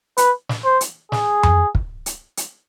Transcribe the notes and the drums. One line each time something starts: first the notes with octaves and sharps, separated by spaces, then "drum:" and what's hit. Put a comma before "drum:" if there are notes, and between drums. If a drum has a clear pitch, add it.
B4, drum: hi-hat
drum: snare
C5
drum: hi-hat
G#4, drum: snare
drum: tom F2
drum: kick
drum: hi-hat
drum: hi-hat